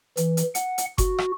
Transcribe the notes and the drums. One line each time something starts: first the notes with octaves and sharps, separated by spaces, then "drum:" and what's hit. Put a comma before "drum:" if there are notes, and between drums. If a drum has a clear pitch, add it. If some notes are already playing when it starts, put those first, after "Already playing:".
E3, drum: hi-hat
drum: hi-hat
F#5, drum: hi-hat
drum: hi-hat
F#4, drum: kick F#1, hi-hat
drum: rim click